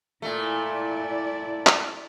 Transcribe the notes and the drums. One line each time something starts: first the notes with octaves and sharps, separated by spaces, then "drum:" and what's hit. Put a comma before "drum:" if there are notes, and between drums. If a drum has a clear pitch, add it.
A#2 A3 E4 D5
drum: clap